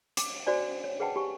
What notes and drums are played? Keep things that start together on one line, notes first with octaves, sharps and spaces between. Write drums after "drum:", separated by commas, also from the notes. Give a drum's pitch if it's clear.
D6, drum: hi-hat
F#4 C5 D5 G#5
C#5
G#4 B4 F#5 G5 A5
G4 G#5 C#6